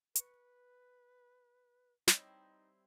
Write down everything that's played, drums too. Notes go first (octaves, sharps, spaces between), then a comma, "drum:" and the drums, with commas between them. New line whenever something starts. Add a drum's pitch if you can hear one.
B4 C#6, drum: hi-hat
G3 C4 D#4 E4 C#5 D#5, drum: snare